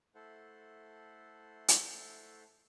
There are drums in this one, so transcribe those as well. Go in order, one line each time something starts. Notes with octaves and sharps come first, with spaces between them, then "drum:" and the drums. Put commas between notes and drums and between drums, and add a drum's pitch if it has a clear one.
A3 E4 A4 C5 F#5
drum: hi-hat